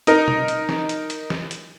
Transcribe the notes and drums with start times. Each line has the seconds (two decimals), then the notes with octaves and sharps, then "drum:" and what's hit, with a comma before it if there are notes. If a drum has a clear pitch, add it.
0.07 D#4 A#4, drum: hi-hat
0.28 drum: tom
0.48 drum: hi-hat
0.69 drum: snare
0.89 drum: hi-hat
1.10 drum: hi-hat
1.30 drum: snare
1.51 drum: hi-hat